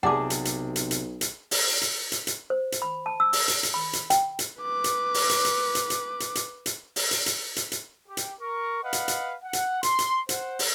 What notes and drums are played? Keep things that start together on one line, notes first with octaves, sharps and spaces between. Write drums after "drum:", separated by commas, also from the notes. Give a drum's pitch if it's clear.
B1 C3 G#4 D5 F#5 A5 D6
drum: hi-hat
drum: hi-hat
drum: hi-hat
drum: hi-hat
drum: hi-hat
drum: open hi-hat
drum: hi-hat
drum: hi-hat
drum: hi-hat
C5
drum: hi-hat
B5
A5
E6
drum: open hi-hat
drum: hi-hat
drum: hi-hat
B5
drum: hi-hat
G5, drum: hi-hat
drum: hi-hat
B4 D6
drum: hi-hat
drum: open hi-hat
drum: hi-hat
drum: hi-hat
drum: hi-hat
drum: hi-hat
drum: hi-hat
drum: hi-hat
drum: hi-hat
drum: open hi-hat
drum: hi-hat
drum: hi-hat
drum: hi-hat
drum: hi-hat
G4
drum: hi-hat
A#4 C#6
B4 D#5 F5 F#5
drum: hi-hat
drum: hi-hat
F#5
drum: hi-hat
C6, drum: hi-hat
drum: hi-hat
C5 F#5, drum: hi-hat
drum: open hi-hat